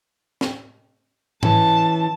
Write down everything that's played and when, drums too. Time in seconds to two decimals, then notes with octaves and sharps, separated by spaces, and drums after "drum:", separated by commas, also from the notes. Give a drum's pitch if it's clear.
0.41 drum: snare
1.43 E3 C#4 A5, drum: tom G#2